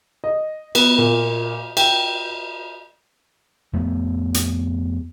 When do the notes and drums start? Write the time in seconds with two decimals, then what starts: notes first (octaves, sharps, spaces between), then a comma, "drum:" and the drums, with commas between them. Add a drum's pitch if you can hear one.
0.24 D#5
0.75 B3, drum: cymbal
0.98 A#2
1.77 G5, drum: cymbal
3.73 F2 A3 B3
4.34 drum: hi-hat